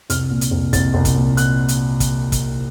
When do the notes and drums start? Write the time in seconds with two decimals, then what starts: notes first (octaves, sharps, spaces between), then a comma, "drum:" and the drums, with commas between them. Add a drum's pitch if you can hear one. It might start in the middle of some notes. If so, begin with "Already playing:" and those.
0.10 C2 F6, drum: hi-hat
0.31 A#2
0.41 drum: hi-hat
0.51 C2
0.73 C2 A6, drum: kick, hi-hat
0.94 C2
1.05 drum: kick, hi-hat
1.16 A#2
1.37 F#6, drum: hi-hat
1.68 drum: hi-hat
2.00 drum: kick, hi-hat
2.32 drum: kick, hi-hat